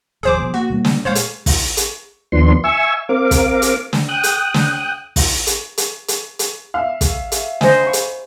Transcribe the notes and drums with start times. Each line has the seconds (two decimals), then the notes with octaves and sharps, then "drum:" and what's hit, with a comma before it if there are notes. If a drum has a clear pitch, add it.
0.23 D#1 G#1 F3 G#4 C5 D6
0.39 B2 F3
0.54 A#3 F#4
0.70 B2 G3 A#3
0.85 drum: snare
1.05 A#2 G#3 C5 C#5 F5
1.15 drum: hi-hat
1.46 drum: kick, open hi-hat
1.77 drum: hi-hat
2.32 D#2 F3 B3 D4 C6
2.64 E5 G#5 C#6 E6
3.09 C4 A#4 F5 D6
3.31 drum: kick, hi-hat
3.62 drum: hi-hat
3.93 drum: snare
4.09 G5 D#6 F#6
4.23 drum: hi-hat
4.54 drum: snare
5.16 drum: kick, open hi-hat
5.47 drum: hi-hat
5.78 drum: hi-hat
6.08 drum: hi-hat
6.39 drum: hi-hat
6.74 E5 F5
7.01 drum: kick, hi-hat
7.32 drum: hi-hat
7.61 C5 D#5 G#5, drum: snare
7.84 B5 C#6
7.93 drum: hi-hat